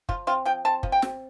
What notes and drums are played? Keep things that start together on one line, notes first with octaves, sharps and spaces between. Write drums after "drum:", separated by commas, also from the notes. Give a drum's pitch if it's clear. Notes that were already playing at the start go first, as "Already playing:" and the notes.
F3 F4, drum: kick
C4 F4
F3 G5
C4 A5
F3, drum: kick
G5
C4, drum: snare